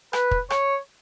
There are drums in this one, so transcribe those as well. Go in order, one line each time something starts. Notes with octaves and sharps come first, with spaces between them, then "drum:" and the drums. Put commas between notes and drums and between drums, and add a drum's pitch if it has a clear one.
B4, drum: rim click
drum: kick
C#5, drum: rim click